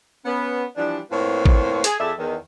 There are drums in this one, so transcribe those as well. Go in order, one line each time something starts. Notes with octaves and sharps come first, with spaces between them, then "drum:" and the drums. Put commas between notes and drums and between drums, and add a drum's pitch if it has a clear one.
B3 C#4
E3 F3 G3 D4
A2 A#3 C4 F4 B4 C#5
drum: kick A1
G#4, drum: hi-hat
F2 G#4 A4 D5 E5
E2 D#3